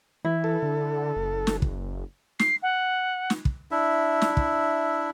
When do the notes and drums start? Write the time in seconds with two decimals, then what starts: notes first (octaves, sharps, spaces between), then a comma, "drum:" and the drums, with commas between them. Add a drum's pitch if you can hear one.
0.25 E3 E4
0.44 A4
0.62 D3
1.16 F#1
1.47 drum: snare
1.62 drum: kick
2.39 C7, drum: snare
2.63 F#5
3.30 drum: snare
3.45 drum: kick
3.71 D4 E4 E5
4.22 drum: snare
4.37 drum: kick